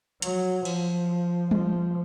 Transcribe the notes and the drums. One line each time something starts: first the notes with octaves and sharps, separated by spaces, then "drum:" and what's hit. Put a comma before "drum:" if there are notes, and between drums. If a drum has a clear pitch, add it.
F#3, drum: hi-hat
F3, drum: cymbal
F3, drum: tom G3